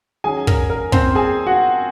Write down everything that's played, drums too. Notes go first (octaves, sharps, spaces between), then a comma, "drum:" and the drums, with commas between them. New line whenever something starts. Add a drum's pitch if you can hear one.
D#3 F#3 C#4 G#4 G#5
A#4, drum: kick
A#4
C4 C5, drum: kick
G#4 G#5
F#4 F#5